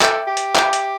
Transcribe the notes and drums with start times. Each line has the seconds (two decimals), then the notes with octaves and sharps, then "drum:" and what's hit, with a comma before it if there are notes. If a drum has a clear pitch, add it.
0.01 A4 E5 G5 D6 G6, drum: clap
0.27 G4
0.37 drum: hi-hat
0.55 E5 G5 D6 G6, drum: clap
0.73 drum: hi-hat